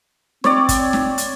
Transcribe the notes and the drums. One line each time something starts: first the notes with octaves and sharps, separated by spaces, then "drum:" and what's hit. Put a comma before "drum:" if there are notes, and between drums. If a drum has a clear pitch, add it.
C4 C#5 D5, drum: snare
drum: kick, hi-hat
drum: snare
drum: hi-hat